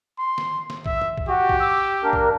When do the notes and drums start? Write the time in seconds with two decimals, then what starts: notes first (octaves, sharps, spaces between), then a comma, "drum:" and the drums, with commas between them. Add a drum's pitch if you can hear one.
0.18 C6
0.38 drum: snare
0.70 drum: snare
0.86 E5, drum: kick A#1
1.02 drum: tom
1.18 drum: kick A#1
1.28 F#4 G4
1.49 drum: kick A#1
1.61 D6 E6
2.04 A#3 D4 A#4
2.13 drum: kick A#1